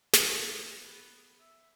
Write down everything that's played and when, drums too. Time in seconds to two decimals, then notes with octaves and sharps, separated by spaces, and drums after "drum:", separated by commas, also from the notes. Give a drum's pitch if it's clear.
0.13 A5, drum: snare
0.43 B3
1.40 E5